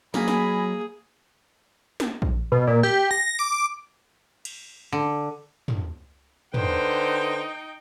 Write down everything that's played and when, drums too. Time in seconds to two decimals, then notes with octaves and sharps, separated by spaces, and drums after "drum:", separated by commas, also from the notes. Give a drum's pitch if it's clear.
0.14 F#3 A#3 G#4 D#5 G#5 B5, drum: snare
0.28 drum: snare
2.00 drum: snare
2.22 drum: kick
2.52 B2
2.67 A#2
2.83 G4
3.11 A#6
3.39 D6
4.45 drum: cymbal
4.92 D3
5.68 drum: tom
6.54 D3 D#4 B4 C5 G5, drum: tom